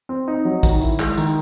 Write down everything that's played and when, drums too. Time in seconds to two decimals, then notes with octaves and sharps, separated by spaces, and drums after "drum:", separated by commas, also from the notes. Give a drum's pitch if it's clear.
0.09 C4
0.28 D#4
0.45 F#3
0.63 D#3, drum: kick, tambourine
0.82 E4, drum: tambourine
1.00 G#3, drum: clap
1.17 D#3, drum: tambourine